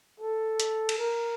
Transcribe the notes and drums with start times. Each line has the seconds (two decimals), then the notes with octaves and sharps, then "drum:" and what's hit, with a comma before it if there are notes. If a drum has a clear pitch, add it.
0.20 A4
0.60 drum: hi-hat
0.89 drum: cymbal
0.99 A#4